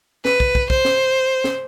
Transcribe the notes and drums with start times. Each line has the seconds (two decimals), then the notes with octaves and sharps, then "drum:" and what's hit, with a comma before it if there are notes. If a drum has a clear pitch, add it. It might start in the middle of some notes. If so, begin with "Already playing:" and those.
0.25 B4, drum: snare
0.40 drum: kick
0.55 drum: kick
0.70 C5, drum: kick
0.85 drum: snare
1.44 drum: snare